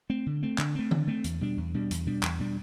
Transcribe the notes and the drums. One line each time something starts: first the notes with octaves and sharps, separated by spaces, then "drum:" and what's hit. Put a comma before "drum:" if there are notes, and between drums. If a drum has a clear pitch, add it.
A3 C4
D3
A3 C4
D3, drum: clap
A3 C4
D3, drum: tom D#3
A3 C4
E2, drum: hi-hat
B2 G3 D4
E2
B2 G3 D4
E2, drum: hi-hat
B2 G3 D4
E2, drum: clap
B2 G3 D4